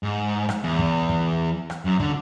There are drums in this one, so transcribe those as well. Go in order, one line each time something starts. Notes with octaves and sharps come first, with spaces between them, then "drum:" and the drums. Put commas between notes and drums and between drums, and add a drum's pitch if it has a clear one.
G#2
drum: rim click
E2
drum: kick
drum: kick
drum: rim click
F#2
D3, drum: kick